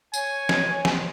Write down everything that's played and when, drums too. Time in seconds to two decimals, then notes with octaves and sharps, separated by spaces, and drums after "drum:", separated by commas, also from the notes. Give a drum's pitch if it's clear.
0.14 C#5 G#5, drum: tambourine
0.49 drum: snare
0.85 drum: snare